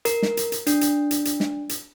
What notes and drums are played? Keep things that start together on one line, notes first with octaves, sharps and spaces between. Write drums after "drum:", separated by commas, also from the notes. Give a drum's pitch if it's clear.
A#4, drum: hi-hat
drum: snare
drum: hi-hat
drum: hi-hat
D4, drum: hi-hat
drum: hi-hat
drum: hi-hat
drum: hi-hat
drum: snare
drum: hi-hat